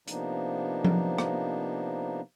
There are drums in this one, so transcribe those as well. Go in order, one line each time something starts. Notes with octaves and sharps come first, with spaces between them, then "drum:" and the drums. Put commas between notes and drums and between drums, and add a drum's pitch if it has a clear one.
C3 F3 A#3 B3 D4 D#4, drum: hi-hat
drum: tom F3
drum: rim click